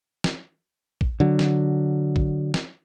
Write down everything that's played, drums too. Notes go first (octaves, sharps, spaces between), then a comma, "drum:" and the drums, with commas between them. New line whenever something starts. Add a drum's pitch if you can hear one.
drum: snare
drum: kick
D3 F#3
drum: snare
drum: kick
drum: snare